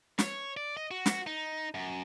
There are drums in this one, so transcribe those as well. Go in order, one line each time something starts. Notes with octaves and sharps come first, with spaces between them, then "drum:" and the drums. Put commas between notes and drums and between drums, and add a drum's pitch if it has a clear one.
C#5, drum: snare
D5
D#5
F#4
drum: snare
D#4
F#2